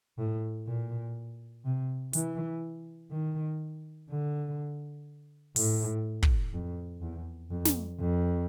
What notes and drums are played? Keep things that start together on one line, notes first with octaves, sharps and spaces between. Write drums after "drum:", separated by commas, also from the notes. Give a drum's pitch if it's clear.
A2
A#2
C3
E3, drum: hi-hat
D#3
D3
A2, drum: open hi-hat
drum: kick
F2
E2
F2
drum: snare
F2